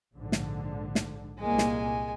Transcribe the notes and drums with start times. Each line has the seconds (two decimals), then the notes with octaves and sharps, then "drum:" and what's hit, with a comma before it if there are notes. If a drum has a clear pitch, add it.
0.17 A#1 G#2 D3
0.32 drum: snare
0.95 drum: snare
1.39 C2 A#2 G#3 A#3 G#5
1.58 drum: snare